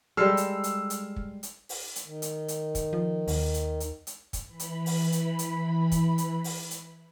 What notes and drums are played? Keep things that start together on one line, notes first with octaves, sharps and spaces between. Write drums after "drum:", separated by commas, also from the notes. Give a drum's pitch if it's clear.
G3 G#3 A4 E6 F6 C7
drum: hi-hat
drum: hi-hat
drum: hi-hat
drum: kick
drum: hi-hat
drum: open hi-hat
drum: hi-hat
D#3
drum: hi-hat
drum: hi-hat
drum: kick, hi-hat
F3
D#2, drum: open hi-hat
drum: hi-hat
drum: hi-hat
drum: hi-hat
drum: kick, hi-hat
E3 B5
drum: hi-hat
drum: open hi-hat
drum: hi-hat
drum: hi-hat
drum: kick, hi-hat
drum: hi-hat
drum: open hi-hat
drum: hi-hat